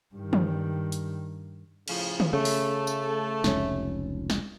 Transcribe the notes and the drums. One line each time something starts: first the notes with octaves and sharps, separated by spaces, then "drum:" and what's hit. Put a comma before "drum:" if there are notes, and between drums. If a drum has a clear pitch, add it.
G2 D#3
drum: tom E3
drum: hi-hat
A2 C#3 F3, drum: cymbal
drum: tom
C#3 A3
drum: open hi-hat
drum: tambourine
F1 C#2 C#4, drum: snare
drum: snare